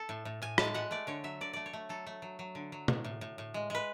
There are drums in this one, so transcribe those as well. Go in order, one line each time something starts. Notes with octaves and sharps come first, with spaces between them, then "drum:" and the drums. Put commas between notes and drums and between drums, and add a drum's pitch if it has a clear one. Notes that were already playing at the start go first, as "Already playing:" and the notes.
Already playing: A4
A2
A2
A2 G#5
G#3 A5, drum: rim click
G#3 F#5
A3 D5
D3 C#5
F#3 E5
D3 D5
A3 D5
C#5
A3
F#3 A4
A3
F#3
F#3
D3
F#3
A2, drum: tom
A2
A2
A2
G#3
G#3 B4